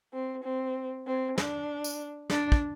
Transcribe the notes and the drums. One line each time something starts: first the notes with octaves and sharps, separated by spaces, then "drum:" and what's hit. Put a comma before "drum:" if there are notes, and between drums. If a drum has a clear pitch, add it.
C4
C4
C4
D4, drum: snare
drum: tambourine
D4, drum: snare
drum: kick